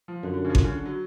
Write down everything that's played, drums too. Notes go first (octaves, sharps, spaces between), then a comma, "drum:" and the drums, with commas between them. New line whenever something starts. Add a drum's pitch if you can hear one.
F3
F#2 D3
D3
C#3 F3
D3, drum: kick G#1
C#3
D3
F#3